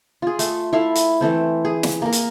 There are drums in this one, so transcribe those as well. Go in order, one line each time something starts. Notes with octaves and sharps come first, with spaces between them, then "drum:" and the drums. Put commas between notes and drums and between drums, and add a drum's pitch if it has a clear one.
F4 G#4
A3, drum: hi-hat
E4 A4 E5 F5
drum: hi-hat
E3 A3 C4
G#4
drum: snare
A#3 A#4
drum: hi-hat